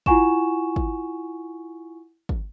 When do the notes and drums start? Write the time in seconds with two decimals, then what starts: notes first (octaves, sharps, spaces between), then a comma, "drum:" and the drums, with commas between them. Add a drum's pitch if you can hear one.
0.06 E4 F4 F#5 G#5 C#6 E7, drum: kick
0.76 drum: kick
2.29 drum: kick